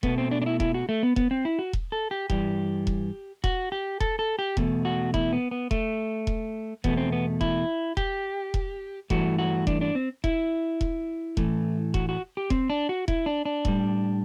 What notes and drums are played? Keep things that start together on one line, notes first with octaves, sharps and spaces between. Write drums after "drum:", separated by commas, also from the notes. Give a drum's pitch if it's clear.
B2 A3 B3, drum: kick E1
C4
D4
D4
E4
E4, drum: kick E1
F#4
A3
B3
B3, drum: kick E1
C4
E4
F#4
drum: kick E1
A4
G4
G2 E3 G3 G4, drum: kick E1
drum: kick E1
F#4, drum: kick E1
G4
A4, drum: kick E1
A4
G4
E2 B2 A3, drum: kick E1
F#4
E4, drum: kick E1
B3
B3
A3, drum: kick E1
drum: kick E1
E2 B2 A3 B3, drum: kick E1
C4
B3
E4, drum: kick E1
G4, drum: kick E1
drum: kick E1
G2 E3 A3 F#4, drum: kick E1
F#4
D4, drum: kick E1
D4
C4
E4, drum: kick E1
drum: kick E1
A2 E3 A3, drum: kick E1
F#4, drum: kick E1
F#4
G4
C4, drum: kick E1
D4
F#4
E4, drum: kick E1
D4
D4
A2 G3, drum: kick E1